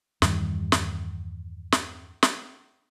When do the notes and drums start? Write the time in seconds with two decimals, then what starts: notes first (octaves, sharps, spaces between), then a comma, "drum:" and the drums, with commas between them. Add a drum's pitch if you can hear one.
0.22 E2 G2 D#3 G3, drum: snare
0.72 drum: snare
1.72 drum: snare
2.23 drum: snare